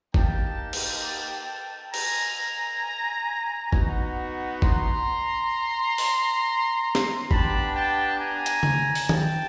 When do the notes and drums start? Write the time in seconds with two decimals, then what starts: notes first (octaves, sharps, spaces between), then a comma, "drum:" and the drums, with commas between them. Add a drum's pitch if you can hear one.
0.14 A#3 D#4 G4 G5 A5, drum: kick
0.73 drum: cymbal
1.94 G#5 A#5, drum: cymbal
3.73 B3 D#4 F#4, drum: kick
4.62 A#5 C6, drum: kick
5.98 drum: open hi-hat
6.95 drum: snare
7.31 B3 D4 G4 A5 B5, drum: kick
7.75 G5 A5
8.20 G#5 A#5
8.46 drum: hi-hat
8.63 drum: tom C#3
8.95 drum: open hi-hat
9.09 G5 A5, drum: tom D#3